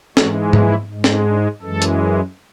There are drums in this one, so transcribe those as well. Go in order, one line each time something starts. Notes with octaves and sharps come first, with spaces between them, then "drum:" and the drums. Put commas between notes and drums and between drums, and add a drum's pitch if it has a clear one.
G#2 E3 G#3 F#4, drum: snare
E4, drum: tom G#2
G#2 G#3
drum: snare
D4
F#2 E3 G#3 A4
drum: hi-hat